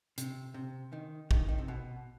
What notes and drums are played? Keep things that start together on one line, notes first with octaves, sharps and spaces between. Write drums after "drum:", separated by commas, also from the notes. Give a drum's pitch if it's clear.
C3, drum: hi-hat
C3
D#3
D#3, drum: kick
D#3
C3
B2